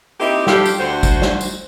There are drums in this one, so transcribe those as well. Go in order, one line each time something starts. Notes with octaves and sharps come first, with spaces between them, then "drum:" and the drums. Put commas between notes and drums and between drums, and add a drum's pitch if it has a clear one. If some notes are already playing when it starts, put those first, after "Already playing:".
A#3 C4 D#4 E4 G4
G3 D4 E4 F4 G4 A4, drum: snare
drum: tambourine
D2 F#4 C5
drum: kick, tambourine
drum: snare
drum: tambourine